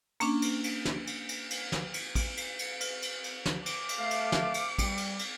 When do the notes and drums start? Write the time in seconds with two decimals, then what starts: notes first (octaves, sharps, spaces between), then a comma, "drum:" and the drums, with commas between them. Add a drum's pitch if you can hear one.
0.20 A#3 C#4 D4, drum: cymbal
0.42 drum: cymbal
0.64 drum: cymbal
0.85 drum: snare
1.07 drum: cymbal
1.29 drum: cymbal
1.50 drum: cymbal
1.72 drum: snare
1.94 drum: cymbal
2.15 drum: kick, cymbal
2.37 drum: cymbal
2.59 drum: cymbal
2.80 drum: cymbal
3.02 drum: cymbal
3.24 drum: cymbal
3.46 drum: snare
3.66 D6, drum: cymbal
3.89 drum: cymbal
3.99 A3 F5
4.11 drum: cymbal
4.32 drum: snare
4.54 drum: cymbal
4.78 G3, drum: kick, cymbal
4.97 drum: cymbal
5.19 drum: cymbal